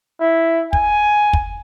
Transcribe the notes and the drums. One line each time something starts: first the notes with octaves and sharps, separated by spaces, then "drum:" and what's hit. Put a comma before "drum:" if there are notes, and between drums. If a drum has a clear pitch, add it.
E4
G#5, drum: kick
drum: kick